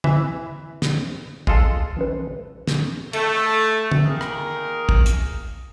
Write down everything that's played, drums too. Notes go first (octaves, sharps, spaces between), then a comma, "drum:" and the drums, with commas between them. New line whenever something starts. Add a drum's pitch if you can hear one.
E3 E5, drum: tom
drum: snare
D#2 G#3 F4 A4 F6, drum: kick
E3 C#4 B4
drum: snare
A3, drum: cymbal
drum: tom
D#3 A#3 G#4 A#4
drum: rim click
drum: kick
drum: hi-hat